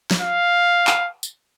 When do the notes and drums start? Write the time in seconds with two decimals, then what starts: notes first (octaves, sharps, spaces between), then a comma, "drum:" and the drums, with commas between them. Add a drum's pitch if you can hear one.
0.11 drum: snare
0.21 F5
0.87 drum: clap
1.23 drum: tambourine